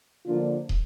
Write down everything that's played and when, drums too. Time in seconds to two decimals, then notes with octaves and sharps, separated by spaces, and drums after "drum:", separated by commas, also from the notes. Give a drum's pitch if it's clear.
0.26 D3 F3 A#3 D4 F4
0.69 drum: kick